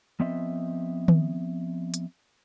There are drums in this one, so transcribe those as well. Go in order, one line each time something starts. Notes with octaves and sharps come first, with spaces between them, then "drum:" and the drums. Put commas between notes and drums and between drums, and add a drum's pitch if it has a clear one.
F3 B3 C4 D#5 E5
drum: tom D#3
drum: hi-hat